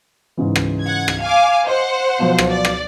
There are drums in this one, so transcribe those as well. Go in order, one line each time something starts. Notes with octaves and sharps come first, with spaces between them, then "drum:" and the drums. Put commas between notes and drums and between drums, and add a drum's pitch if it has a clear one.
G#2 C#3 E3
drum: rim click
F#5 G#6
drum: rim click
F5 G#5 D6
C5 D#5 F#5
B2 F3 F#3
drum: rim click
D5
drum: rim click